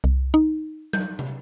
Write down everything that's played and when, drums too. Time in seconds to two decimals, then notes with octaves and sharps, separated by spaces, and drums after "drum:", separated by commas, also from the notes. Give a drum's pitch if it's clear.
0.04 C2
0.34 D#4
0.93 G6, drum: tom F#3
1.19 drum: tom